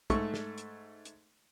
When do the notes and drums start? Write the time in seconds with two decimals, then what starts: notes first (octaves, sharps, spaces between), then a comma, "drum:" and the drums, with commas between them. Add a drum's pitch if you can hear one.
0.10 G#2 A3 C#6, drum: kick, hi-hat
0.34 drum: snare
0.58 drum: hi-hat
1.05 drum: hi-hat